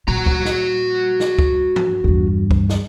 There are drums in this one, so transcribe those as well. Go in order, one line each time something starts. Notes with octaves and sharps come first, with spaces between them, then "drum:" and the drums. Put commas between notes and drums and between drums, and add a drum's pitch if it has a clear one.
A#2 F#4 A#5
drum: kick
drum: snare
drum: snare
drum: kick
drum: tom
E2 G2
drum: kick
drum: snare